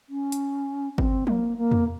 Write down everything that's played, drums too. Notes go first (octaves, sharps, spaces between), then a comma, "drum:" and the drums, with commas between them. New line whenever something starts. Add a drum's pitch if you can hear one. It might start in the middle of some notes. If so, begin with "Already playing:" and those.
C#4
drum: hi-hat
C4, drum: kick G1
A#3, drum: tom F3
A#3
drum: tom E2